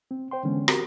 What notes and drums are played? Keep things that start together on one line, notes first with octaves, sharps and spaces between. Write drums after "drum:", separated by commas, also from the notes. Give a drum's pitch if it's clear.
C4
C5 G5 C6
D3 E3 G#3 B3 C#4 D4
C4 F#4 G4 A#4, drum: rim click